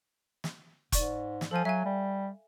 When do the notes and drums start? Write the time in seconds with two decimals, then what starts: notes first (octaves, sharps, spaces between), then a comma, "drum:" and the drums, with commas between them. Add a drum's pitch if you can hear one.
0.44 drum: snare
0.92 G#2 D5 C#6, drum: kick F1, hi-hat
1.41 drum: snare
1.51 F3 A4 G#5
1.65 F#3 E5 F5 G#5
1.85 G3